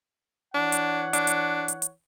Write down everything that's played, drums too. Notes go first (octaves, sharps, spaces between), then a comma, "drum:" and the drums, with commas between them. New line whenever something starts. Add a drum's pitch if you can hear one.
E3 D4 C#5 F#5
drum: hi-hat
D4, drum: hi-hat
drum: hi-hat
drum: hi-hat
drum: hi-hat